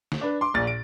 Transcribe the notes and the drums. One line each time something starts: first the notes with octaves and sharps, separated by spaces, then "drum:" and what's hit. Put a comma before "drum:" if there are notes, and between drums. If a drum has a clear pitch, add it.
drum: snare
D4 B4
C6 D6
A#1 A#2 A6
D7